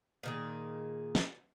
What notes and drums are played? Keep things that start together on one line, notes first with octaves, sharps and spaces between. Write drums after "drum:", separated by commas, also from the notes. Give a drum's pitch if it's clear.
A#2 D#3 G#4
drum: snare